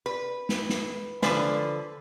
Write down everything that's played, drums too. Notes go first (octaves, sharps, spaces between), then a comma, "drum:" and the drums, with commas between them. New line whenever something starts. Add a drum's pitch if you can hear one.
B4
drum: snare
drum: snare
D3 F3 B4 C5 G#5, drum: snare